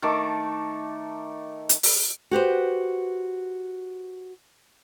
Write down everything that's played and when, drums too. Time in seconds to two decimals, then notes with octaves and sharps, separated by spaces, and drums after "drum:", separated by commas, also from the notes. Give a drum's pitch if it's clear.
0.02 D#3 A3 A5 D6
1.69 drum: hi-hat
1.83 drum: open hi-hat
2.31 F#4 G4 B4 C5